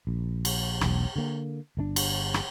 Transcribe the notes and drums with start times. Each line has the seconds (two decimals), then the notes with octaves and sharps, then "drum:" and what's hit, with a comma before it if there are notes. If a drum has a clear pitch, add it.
0.07 A#1
0.45 drum: cymbal
0.81 E1 B1, drum: rim click
1.16 D3 A#3
1.77 G1 D3 D4
1.96 drum: cymbal
2.34 drum: rim click